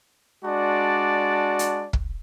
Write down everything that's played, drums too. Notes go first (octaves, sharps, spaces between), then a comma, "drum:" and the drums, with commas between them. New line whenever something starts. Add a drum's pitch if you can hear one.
G#3 D4 F#4 D5 A5
drum: hi-hat
drum: kick